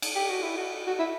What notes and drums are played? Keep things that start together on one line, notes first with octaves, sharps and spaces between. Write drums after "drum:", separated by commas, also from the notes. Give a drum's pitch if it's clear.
drum: cymbal
G4
F#4
E4
F#4
F#4
E4